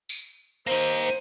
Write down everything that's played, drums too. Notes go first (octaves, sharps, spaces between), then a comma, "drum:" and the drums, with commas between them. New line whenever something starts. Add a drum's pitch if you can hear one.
drum: tambourine
A#3 D#4 C5